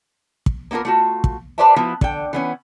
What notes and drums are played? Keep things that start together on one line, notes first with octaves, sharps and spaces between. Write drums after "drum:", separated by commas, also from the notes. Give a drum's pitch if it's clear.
drum: kick
A#3 B3 E4 F4 A#4
A3 F4 F#4
drum: kick
G4 B4 C5 D5 E5 A5
F3 B3 E4 F#4
D3 G5, drum: kick
E3 B3 C#4